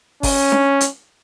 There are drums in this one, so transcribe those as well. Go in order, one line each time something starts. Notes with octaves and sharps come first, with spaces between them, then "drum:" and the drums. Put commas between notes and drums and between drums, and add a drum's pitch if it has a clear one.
C#4, drum: kick G1, open hi-hat
drum: snare D4
drum: hi-hat